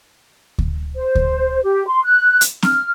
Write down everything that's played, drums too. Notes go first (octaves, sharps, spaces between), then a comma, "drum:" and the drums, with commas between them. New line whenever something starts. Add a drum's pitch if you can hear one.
drum: kick D2
C5
drum: kick D2
G4
C6
F#6
drum: hi-hat
F6, drum: snare C4